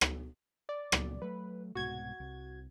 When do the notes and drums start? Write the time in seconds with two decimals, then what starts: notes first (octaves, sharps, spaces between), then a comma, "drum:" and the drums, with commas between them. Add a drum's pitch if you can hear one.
0.01 drum: rim click
0.69 D5
0.92 C#2 A#2 F#3, drum: rim click
1.22 F#3 A3 B4
1.75 C2 G#2 B2 F#4 G#6
2.20 C2